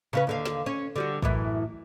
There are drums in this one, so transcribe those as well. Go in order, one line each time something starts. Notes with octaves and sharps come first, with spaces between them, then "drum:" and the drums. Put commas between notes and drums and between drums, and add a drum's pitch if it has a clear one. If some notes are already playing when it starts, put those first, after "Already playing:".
C#3 C#4 B4
D#2 D3 F5
drum: snare
C#4 C#5
D3 G3 F#4
F#2 A2 E3, drum: kick